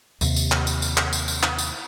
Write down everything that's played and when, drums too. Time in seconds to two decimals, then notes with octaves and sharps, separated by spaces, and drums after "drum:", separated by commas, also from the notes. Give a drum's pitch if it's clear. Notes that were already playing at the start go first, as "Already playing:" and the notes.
0.21 D#2 C3, drum: tambourine
0.36 drum: tambourine
0.52 drum: clap
0.67 drum: tambourine
0.82 drum: tambourine
0.97 drum: clap
1.13 drum: tambourine
1.28 drum: tambourine
1.43 drum: clap
1.58 drum: tambourine